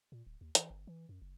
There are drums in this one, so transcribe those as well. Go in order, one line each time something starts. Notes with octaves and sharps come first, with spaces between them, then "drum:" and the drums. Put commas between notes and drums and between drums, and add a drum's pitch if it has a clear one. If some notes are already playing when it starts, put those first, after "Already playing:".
A#2
D1
D#2
E3, drum: hi-hat
G1
E3
F#2
F#1